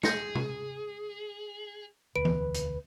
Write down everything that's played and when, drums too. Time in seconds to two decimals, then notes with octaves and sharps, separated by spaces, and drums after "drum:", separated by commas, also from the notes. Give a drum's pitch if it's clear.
0.03 G#4 G6 A#6 C#7, drum: snare
0.35 drum: tom
2.16 E1 D2 B4 D7
2.25 drum: tom E3
2.54 drum: hi-hat